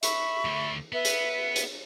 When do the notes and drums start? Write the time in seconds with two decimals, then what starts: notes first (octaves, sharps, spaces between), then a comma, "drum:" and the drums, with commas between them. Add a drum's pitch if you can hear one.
0.03 E5 B5 C#6, drum: hi-hat
0.45 D2 D3
0.92 B3 B4 E5
1.05 drum: hi-hat
1.56 drum: hi-hat